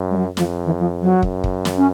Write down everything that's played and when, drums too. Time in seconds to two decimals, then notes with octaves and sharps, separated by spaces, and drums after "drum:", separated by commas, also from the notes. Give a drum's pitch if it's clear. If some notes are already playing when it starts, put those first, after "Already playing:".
Already playing: F#2
0.11 G3
0.16 F#3
0.37 F2 F3, drum: snare
0.66 E3
0.80 F3
1.02 F#3
1.23 F#2, drum: kick
1.44 drum: kick
1.65 drum: snare
1.77 C#4